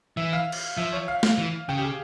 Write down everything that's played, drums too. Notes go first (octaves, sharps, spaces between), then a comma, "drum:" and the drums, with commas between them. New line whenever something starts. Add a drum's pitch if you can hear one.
E3 E5
F5
drum: cymbal
F3 E5
C#5
F5
F5, drum: snare
E3
C#3 G5
G4
G#4